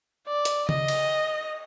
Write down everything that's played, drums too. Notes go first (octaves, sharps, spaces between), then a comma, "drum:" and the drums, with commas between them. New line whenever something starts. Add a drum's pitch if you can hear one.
D5
drum: hi-hat
D#5, drum: tom C#3
drum: cymbal